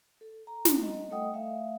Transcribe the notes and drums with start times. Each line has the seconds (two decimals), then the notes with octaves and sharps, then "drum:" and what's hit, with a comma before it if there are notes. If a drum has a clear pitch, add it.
0.21 A4
0.47 A#5
0.65 drum: snare
0.78 G3 D#5
1.11 A3 A4 D#5 F#5 G5 D#6
1.33 A3 E5 F5